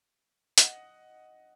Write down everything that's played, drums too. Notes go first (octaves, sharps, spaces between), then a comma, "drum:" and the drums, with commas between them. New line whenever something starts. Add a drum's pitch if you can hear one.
D#5 F#5, drum: hi-hat